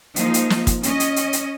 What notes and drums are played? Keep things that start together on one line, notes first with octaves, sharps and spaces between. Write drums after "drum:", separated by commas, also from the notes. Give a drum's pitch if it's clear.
F3 G#3 A#3 D#4, drum: hi-hat
drum: hi-hat
drum: snare
drum: kick, hi-hat
C#4 D#5, drum: hi-hat
drum: hi-hat
drum: hi-hat
drum: hi-hat